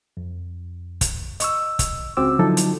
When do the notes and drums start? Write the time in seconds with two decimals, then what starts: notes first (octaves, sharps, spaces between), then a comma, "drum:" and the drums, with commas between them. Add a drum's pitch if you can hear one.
0.17 F2
1.01 drum: kick, hi-hat
1.40 D#5 C#6 E6, drum: hi-hat
1.79 drum: kick, hi-hat
2.17 C#2 C#3 C4 F#4 D6 E6
2.39 D3 F3 F#3 D#4 E4 A4
2.57 drum: hi-hat